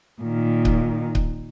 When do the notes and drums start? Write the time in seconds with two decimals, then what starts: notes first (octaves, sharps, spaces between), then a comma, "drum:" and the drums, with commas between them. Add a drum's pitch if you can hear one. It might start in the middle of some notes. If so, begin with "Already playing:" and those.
0.22 A#2 D#3
0.65 drum: kick C#1
1.15 drum: kick C#1